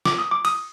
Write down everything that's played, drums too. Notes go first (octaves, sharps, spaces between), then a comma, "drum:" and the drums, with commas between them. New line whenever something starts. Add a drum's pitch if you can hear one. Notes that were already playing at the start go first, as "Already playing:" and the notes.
D6, drum: snare
D#6
D6
D#6, drum: cymbal